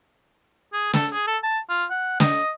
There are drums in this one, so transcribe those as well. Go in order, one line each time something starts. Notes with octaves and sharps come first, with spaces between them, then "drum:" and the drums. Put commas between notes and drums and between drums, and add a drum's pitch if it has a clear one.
G#4
A4, drum: snare
G#4
A4
A5
F4
F#5
D#5, drum: snare